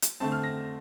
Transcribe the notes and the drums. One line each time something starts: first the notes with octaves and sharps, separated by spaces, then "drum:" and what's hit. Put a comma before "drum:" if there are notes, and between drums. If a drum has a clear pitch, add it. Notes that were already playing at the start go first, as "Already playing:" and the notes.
drum: hi-hat
D3 A3 C4 A5
F6
A#6